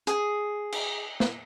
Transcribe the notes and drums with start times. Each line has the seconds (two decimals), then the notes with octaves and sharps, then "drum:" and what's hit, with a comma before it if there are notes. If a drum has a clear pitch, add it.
0.07 G#4, drum: hi-hat
0.72 drum: cymbal
1.20 drum: snare